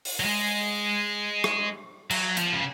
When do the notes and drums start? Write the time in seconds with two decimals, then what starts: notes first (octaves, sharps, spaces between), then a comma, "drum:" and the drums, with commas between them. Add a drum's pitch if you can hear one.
0.05 drum: open hi-hat
0.20 F#3
0.25 G#3
1.44 drum: rim click
2.11 F#3, drum: cymbal
2.37 F3, drum: hi-hat
2.53 C#3